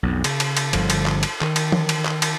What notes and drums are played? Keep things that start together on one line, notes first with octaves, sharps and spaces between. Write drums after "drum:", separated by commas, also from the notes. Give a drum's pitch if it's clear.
B1 F2
C#3, drum: cymbal
drum: cymbal
drum: cymbal
G1 D3 F3, drum: cymbal
drum: cymbal
drum: clap
drum: cymbal
D#3, drum: clap
drum: cymbal
drum: tom E3
drum: cymbal
drum: clap
drum: cymbal